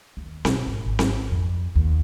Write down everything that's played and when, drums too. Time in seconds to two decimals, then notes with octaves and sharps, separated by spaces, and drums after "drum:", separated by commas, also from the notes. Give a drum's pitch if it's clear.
0.17 D#2
0.45 B2, drum: snare C4
0.66 G#1
0.86 G#1
0.99 drum: snare C4
1.31 F2
1.75 D#2